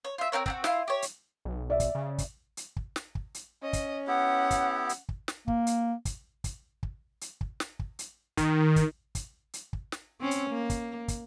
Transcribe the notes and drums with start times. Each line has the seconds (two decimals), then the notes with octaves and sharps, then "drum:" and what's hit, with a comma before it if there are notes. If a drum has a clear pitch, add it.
0.05 C#5
0.18 F4 E5
0.32 C4 F4 A#4 C#5
0.46 C4 D4 F#4, drum: kick
0.64 E4 F4, drum: snare
0.88 G4 C#5
1.02 drum: hi-hat
1.45 B1
1.70 D5 E5
1.80 drum: kick, hi-hat
1.95 C#3
2.18 drum: kick, hi-hat
2.57 drum: hi-hat
2.76 drum: kick
2.96 drum: snare
3.15 drum: kick
3.34 drum: hi-hat
3.63 C#4 D#5
3.73 drum: kick, hi-hat
4.08 B3 E4 G4 F#5
4.51 drum: kick, hi-hat
4.89 drum: hi-hat
5.09 drum: kick
5.28 drum: snare
5.48 A#3, drum: kick
5.67 drum: hi-hat
6.05 drum: kick, hi-hat
6.44 drum: kick, hi-hat
6.83 drum: kick
7.21 drum: hi-hat
7.41 drum: kick
7.60 drum: snare
7.79 drum: kick
7.99 drum: hi-hat
8.37 D#3, drum: kick, hi-hat
8.76 drum: kick, hi-hat
9.15 drum: kick, hi-hat
9.54 drum: hi-hat
9.73 drum: kick
9.92 drum: snare
10.21 C4 C#4
10.31 drum: hi-hat
10.50 A#3
10.70 drum: kick, hi-hat
11.08 drum: kick, hi-hat